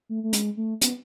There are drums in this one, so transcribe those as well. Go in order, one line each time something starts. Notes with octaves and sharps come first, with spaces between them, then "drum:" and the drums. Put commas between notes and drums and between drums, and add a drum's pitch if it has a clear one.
A3
A3
G#3, drum: hi-hat
A3
B3, drum: hi-hat